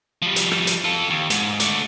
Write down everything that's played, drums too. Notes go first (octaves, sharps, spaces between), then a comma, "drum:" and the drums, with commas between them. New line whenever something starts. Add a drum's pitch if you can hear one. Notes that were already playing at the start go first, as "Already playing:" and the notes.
F3 G3
drum: hi-hat
drum: rim click
drum: hi-hat
F4 A4
D#2
G#2, drum: hi-hat
A3 D4, drum: hi-hat